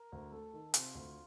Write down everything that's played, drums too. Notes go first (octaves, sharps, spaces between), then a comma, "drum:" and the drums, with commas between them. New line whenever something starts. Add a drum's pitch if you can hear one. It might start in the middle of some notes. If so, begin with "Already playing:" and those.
Already playing: A#4
D2
A3 A4
D#3
C3 F4, drum: hi-hat
D2